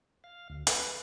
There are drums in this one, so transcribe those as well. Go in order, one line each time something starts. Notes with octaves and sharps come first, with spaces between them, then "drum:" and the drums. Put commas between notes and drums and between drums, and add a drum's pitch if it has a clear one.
F5
D2
B4, drum: hi-hat